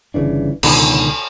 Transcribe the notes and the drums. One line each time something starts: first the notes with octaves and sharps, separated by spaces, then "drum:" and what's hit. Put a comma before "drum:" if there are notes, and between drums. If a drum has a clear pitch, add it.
G1 C#3 E3 D4
C#2 B2 D3 D#3, drum: cymbal